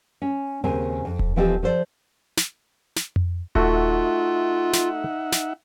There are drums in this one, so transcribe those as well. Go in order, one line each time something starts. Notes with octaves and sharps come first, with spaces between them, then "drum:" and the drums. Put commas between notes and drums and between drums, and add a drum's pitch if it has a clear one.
C#4
D#2 C#3 C4 A#4 G#5
F2
drum: kick D#1
E3 F3 C4 G4 A4 D#5
F3 A4 C5 D5
drum: snare
drum: snare
drum: tom F2
A3 D#4 F4 F#4 E5 F#5, drum: kick D#1
drum: snare
drum: snare